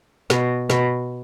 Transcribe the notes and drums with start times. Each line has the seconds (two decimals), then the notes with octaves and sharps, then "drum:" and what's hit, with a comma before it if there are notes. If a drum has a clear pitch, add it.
0.30 B2, drum: snare
0.70 B2, drum: snare